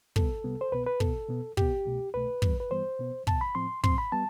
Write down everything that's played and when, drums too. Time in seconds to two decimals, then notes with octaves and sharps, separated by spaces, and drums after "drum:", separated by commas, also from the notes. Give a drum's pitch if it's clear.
0.16 C2 C3 G3 B3 A4, drum: kick
0.44 C2 C3 G3 B3
0.61 C5
0.72 C2 B2 B3 B4
0.86 B4
1.00 C2 B2 B3 A4, drum: kick
1.29 B2 B3
1.57 B2 B3 G4, drum: kick
1.86 C2 B2 A3
2.14 C2 B2 A3 B4
2.42 G2 E3 G3 B3, drum: kick
2.60 B4
2.70 G2 E3 G3 B3 C5
2.99 B2 B3
3.27 B2 B3 A5, drum: kick
3.41 B5
3.55 A2 F3 C4 C6
3.84 A2 F3 C4 C6, drum: kick
3.98 B5
4.12 G3 B3 A5